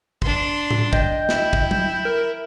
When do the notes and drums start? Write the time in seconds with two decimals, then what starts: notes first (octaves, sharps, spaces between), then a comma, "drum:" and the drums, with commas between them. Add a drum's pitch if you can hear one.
0.22 D4 C6, drum: kick
0.71 drum: tom A2
0.93 D#5 G5, drum: kick
1.29 E4, drum: snare
1.53 drum: kick
1.71 drum: tom F#3
2.05 A#4